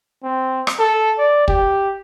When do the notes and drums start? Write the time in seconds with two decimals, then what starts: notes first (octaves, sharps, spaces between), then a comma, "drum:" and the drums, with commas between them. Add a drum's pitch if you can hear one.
0.23 C4
0.67 drum: rim click
0.79 A4
1.18 D5
1.48 G4, drum: kick